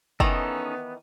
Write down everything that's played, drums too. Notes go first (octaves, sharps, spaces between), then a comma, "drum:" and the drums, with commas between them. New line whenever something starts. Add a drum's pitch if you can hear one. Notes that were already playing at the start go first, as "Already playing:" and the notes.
D#3 E3 B3 C#4 D#4 A4 A#5, drum: kick